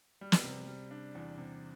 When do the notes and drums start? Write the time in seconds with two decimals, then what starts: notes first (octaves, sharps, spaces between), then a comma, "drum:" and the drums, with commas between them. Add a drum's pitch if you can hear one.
0.21 G3
0.32 drum: snare
0.44 C3
0.67 G3
0.91 D4
1.15 E2
1.38 C3